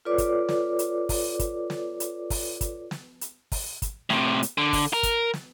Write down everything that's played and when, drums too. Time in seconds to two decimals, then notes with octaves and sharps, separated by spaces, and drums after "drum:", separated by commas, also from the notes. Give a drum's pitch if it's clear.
0.05 F4 A4 B4 C#5 D5 D6
0.18 drum: kick, hi-hat
0.49 drum: snare
0.79 drum: hi-hat
1.09 drum: kick, open hi-hat
1.39 drum: kick, hi-hat
1.70 drum: snare
2.00 drum: hi-hat
2.30 drum: kick, open hi-hat
2.61 drum: kick, hi-hat
2.91 drum: snare
3.21 drum: hi-hat
3.52 drum: kick, open hi-hat
3.82 drum: kick, hi-hat
4.10 A2 C3, drum: snare
4.43 drum: hi-hat
4.58 D3
4.73 drum: kick, open hi-hat
4.93 A#4
5.03 drum: kick, hi-hat
5.34 drum: snare